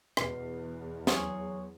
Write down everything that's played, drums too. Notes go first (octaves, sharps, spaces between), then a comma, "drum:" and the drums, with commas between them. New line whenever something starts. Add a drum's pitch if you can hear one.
E2 B2 B3 C7, drum: rim click
F#3 G#4 C6 C#6, drum: snare